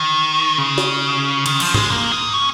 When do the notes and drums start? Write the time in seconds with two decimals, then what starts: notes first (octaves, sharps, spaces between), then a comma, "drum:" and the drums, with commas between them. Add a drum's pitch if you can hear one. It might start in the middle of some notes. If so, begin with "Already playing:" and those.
Already playing: D#3
0.58 C#3
0.78 drum: snare
1.46 D#3, drum: cymbal
1.60 F3, drum: cymbal
1.74 G#3, drum: tom G#2
1.90 A#3
2.12 D#4
2.34 C#4